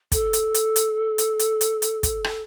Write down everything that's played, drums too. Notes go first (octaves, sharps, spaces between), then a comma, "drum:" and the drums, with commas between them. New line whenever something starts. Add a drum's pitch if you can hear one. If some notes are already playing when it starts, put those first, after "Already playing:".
A4, drum: kick, hi-hat
drum: hi-hat
drum: hi-hat
drum: hi-hat
drum: hi-hat
drum: hi-hat
drum: hi-hat
drum: hi-hat
drum: kick, hi-hat
drum: rim click